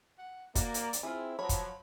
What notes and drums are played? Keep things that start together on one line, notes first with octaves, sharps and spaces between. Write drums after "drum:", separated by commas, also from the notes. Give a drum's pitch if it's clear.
F#5
A#3 F#4 D5, drum: kick, hi-hat
drum: hi-hat
drum: hi-hat
C4 E4 F4 G#4
F3 F#3 C#5 B5
drum: kick, hi-hat